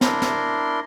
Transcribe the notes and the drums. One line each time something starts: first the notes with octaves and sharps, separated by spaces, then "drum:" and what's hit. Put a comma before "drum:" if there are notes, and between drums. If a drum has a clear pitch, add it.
D4 E4 A#4 C6, drum: snare
drum: snare